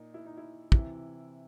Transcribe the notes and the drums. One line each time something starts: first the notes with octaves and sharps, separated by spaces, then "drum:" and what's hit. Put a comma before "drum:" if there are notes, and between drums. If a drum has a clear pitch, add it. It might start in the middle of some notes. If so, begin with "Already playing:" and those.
Already playing: A#2 D#4
E4
D#4
E4
C3 E3 E4, drum: kick